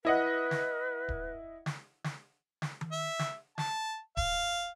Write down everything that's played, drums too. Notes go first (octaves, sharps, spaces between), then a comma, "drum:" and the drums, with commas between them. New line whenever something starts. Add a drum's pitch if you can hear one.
E4 B4 D#5 F#5
drum: snare
drum: kick D1
drum: snare
drum: snare
drum: snare
drum: tom D#3
E5
drum: snare
A5, drum: snare
F5, drum: kick D1